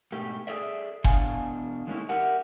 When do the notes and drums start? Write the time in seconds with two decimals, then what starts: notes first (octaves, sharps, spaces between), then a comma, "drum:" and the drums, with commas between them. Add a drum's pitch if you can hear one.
0.12 G#2 B2 A3 G4
0.47 G#4 A4 D5 E5
1.04 E2 B2 D4 F5 G#5, drum: kick F#1
1.87 D#3 G#3 A#3 C4 C#4 E4
2.09 G4 A#4 E5 F#5